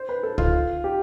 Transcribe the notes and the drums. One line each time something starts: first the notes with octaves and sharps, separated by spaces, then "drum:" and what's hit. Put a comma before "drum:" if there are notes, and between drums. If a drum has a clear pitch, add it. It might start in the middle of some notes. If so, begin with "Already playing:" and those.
Already playing: C5
B4
A4
F4, drum: kick
G4